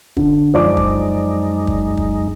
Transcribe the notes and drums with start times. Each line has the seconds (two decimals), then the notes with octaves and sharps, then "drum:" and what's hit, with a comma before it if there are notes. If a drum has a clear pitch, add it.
0.17 D3, drum: kick
0.54 F#2 F3 G#3 D#4 D5 D6
0.77 drum: kick
1.67 drum: kick
1.97 drum: kick